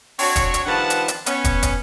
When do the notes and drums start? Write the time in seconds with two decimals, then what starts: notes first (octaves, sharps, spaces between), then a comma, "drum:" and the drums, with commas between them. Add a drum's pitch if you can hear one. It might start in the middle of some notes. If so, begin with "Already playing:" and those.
0.19 C4 D4 F#4 C#5, drum: open hi-hat
0.36 drum: kick, hi-hat
0.54 drum: hi-hat
0.65 G2 D#3 F3 B4 F#5 A5
0.90 drum: hi-hat
1.08 drum: hi-hat
1.26 B3 C#4, drum: hi-hat
1.44 drum: kick, hi-hat
1.63 drum: kick, hi-hat